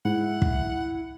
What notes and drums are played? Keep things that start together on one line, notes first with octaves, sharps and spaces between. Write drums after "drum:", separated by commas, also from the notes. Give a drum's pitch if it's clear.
G#2 E4 F#5
drum: kick